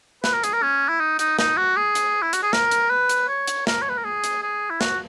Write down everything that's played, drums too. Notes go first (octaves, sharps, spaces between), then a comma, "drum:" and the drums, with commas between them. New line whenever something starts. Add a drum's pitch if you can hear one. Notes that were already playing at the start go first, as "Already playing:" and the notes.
B4, drum: snare
A#4
G#4, drum: hi-hat
A#4
C#4
E4
D#4
D#4, drum: hi-hat
D#4, drum: snare
F#4
G#4
drum: hi-hat
E4
F#4, drum: hi-hat
G#4
A#4, drum: snare
drum: hi-hat
B4
drum: hi-hat
C#5
drum: hi-hat
A#4, drum: snare
C#5
B4
A#4
G#4
drum: hi-hat
G#4
E4
F#4, drum: snare